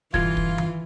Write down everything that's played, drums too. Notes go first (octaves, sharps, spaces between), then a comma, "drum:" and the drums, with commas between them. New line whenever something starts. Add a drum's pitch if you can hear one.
G2 B2 D3 E3 F4 G#6, drum: kick
drum: kick
drum: tom D#3